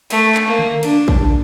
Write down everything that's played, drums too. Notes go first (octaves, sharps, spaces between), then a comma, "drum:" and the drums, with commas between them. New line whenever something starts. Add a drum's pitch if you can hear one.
A3, drum: cymbal
drum: clap
A#3
drum: tom D3
D4, drum: cymbal
drum: kick